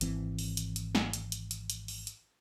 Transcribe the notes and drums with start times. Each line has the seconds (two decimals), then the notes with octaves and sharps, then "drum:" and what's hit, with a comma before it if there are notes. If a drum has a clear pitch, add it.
0.01 G#1 E3 C4, drum: hi-hat
0.39 drum: open hi-hat
0.57 drum: hi-hat
0.76 drum: hi-hat
0.95 drum: snare
1.13 drum: hi-hat
1.32 drum: hi-hat
1.51 drum: hi-hat
1.70 drum: hi-hat
1.88 drum: open hi-hat
2.07 drum: hi-hat